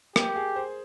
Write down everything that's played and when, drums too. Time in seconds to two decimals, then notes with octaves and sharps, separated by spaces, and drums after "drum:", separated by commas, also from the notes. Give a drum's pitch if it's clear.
0.16 G4 A#4, drum: rim click
0.36 G#4
0.56 C5